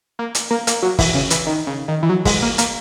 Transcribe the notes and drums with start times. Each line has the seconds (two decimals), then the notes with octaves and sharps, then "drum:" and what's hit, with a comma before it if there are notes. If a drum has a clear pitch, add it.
0.19 A#3
0.35 drum: hi-hat
0.51 A#3
0.67 A#3, drum: hi-hat
0.82 F#3
0.99 E3, drum: kick, open hi-hat
1.15 C#3
1.30 E3, drum: hi-hat
1.47 D#3
1.67 C#3
1.88 D#3
2.03 E3
2.09 F#3
2.25 G#3, drum: kick, open hi-hat
2.42 A#3
2.58 A#3, drum: hi-hat